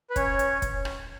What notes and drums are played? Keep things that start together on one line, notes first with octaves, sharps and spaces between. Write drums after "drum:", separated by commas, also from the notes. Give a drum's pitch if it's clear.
B4
C#4 C#5, drum: kick, hi-hat
drum: hi-hat
drum: kick, hi-hat
drum: rim click